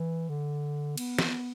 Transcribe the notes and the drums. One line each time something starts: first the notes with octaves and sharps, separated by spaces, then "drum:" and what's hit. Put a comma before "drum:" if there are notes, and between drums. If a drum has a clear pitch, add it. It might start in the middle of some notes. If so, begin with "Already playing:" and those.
Already playing: E3
D3
B3, drum: cymbal
drum: snare